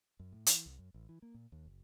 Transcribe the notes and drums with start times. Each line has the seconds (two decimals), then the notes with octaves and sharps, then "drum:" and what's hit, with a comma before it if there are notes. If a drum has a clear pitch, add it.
0.20 F#2
0.32 A2
0.46 E3, drum: hi-hat
0.66 C2
0.78 F#2
0.94 A1
1.09 E3
1.22 A#3
1.34 A#2
1.52 D#2
1.65 F#1